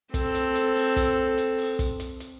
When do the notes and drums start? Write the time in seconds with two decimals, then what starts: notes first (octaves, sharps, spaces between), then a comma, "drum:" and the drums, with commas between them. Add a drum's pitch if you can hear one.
0.14 C4 A4, drum: kick, hi-hat
0.34 drum: hi-hat
0.55 drum: hi-hat
0.76 drum: open hi-hat
0.96 drum: kick, hi-hat
1.38 drum: hi-hat
1.58 drum: open hi-hat
1.79 drum: kick, hi-hat
2.00 drum: hi-hat
2.20 drum: hi-hat